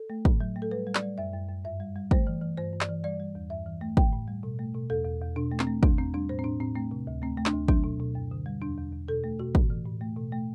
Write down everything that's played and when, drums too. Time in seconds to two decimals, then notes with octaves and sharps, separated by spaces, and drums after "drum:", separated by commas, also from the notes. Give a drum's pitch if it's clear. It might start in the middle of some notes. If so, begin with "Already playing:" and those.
Already playing: A4
0.10 A3
0.25 A2, drum: kick
0.41 F#3
0.56 A3
0.62 A4
0.71 G3 B4
0.87 G3
0.95 D5, drum: clap
1.03 G3
1.18 F#2 E5
1.34 F#2
1.48 F#2
1.65 G2 E5
1.80 G3
1.96 G3
2.11 A3 C5, drum: kick
2.27 E3
2.42 E3
2.57 G2 C5
2.73 G2
2.81 D5, drum: clap
2.89 E3
3.04 G3 D5
3.20 G3
3.35 E2
3.50 G2 E5
3.66 E3
3.81 A3
3.97 A2 G5, drum: kick
4.13 A2
4.28 G3
4.43 B2
4.59 A3
4.74 B2
4.90 E2 A4
5.05 E2
5.21 E2
5.36 B2 D4
5.52 A3
5.59 C4, drum: clap
5.67 A3
5.83 E2 D4, drum: kick
5.98 E2 C4
6.14 G3 D4
6.29 A2 C5
6.39 C4
6.44 A2 D4
6.60 A2 C4
6.75 A3 C4
6.91 C3
7.07 D2
7.22 A3 C4
7.37 A3
7.46 D4, drum: clap
7.53 D2
7.68 F#3 D4, drum: kick
7.84 B2
8.00 B2
8.15 F#2
8.31 D3
8.46 G3
8.62 E2 D4
8.78 E2
8.93 E2
9.08 B2 A4
9.24 A3
9.39 B2 F#4
9.55 A2, drum: kick
9.70 E3
9.86 A2
10.01 A3
10.17 B2
10.32 A3